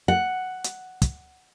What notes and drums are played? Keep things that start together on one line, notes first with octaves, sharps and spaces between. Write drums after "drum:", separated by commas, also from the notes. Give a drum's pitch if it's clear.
F#5
drum: hi-hat
drum: kick, hi-hat